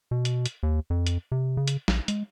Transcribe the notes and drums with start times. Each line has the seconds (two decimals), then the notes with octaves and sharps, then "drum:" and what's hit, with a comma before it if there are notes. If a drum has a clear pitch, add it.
0.11 B2
0.25 drum: hi-hat
0.46 drum: hi-hat
0.63 D#2
0.90 F2
1.07 drum: hi-hat
1.32 C3
1.57 C#3
1.68 drum: hi-hat
1.88 A#1, drum: snare
2.08 G#3, drum: hi-hat